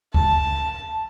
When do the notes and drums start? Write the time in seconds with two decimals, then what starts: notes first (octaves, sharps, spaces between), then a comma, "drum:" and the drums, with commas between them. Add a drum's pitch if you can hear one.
0.14 A5, drum: kick D2